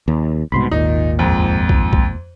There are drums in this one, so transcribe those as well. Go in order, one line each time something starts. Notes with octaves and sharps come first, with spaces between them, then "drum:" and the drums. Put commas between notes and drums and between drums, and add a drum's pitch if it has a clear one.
D#2
C2 G#2 B2 B5 C6
G#1 D#2 A#2 D#4
F2 G#2
drum: kick B1
drum: kick B1